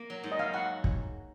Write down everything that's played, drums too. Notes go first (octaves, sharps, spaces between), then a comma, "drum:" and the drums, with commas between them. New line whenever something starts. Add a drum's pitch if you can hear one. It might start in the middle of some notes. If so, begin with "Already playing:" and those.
Already playing: A#3
F#3
G#2
D#5
F#3 F5
F#4 F#5
drum: kick